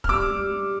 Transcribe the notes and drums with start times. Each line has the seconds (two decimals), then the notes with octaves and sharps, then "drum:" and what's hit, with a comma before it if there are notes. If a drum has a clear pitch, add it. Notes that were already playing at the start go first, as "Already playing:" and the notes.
0.04 F6, drum: kick
0.09 G3 D6 E6
0.30 G3
0.50 G3